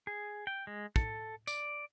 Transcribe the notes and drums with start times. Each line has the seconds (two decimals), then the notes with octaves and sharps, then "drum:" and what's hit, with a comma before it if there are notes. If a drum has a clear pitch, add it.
0.07 G#4
0.47 G5
0.67 G#3
0.96 A4, drum: kick
1.47 D5, drum: tambourine